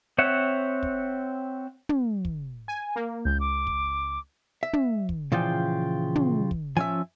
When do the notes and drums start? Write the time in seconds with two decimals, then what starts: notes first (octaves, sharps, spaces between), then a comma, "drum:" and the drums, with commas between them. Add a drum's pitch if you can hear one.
0.18 C4 C#5 E5 F#5
0.83 drum: kick
1.89 drum: tom
2.25 drum: kick
2.68 G#5
2.96 A#3
3.25 C#2 G6
3.40 D6
3.67 drum: kick
4.63 E5
4.73 drum: tom
5.09 drum: kick
5.32 A#2 C#3 E3 F3 F4 G5
6.15 drum: tom
6.51 drum: kick
6.77 F3 C#4 E5 G#5 E6